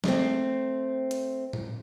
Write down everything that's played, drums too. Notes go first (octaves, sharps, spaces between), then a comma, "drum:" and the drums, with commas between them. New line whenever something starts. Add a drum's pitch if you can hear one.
A3 C4, drum: snare
drum: hi-hat
drum: tom A2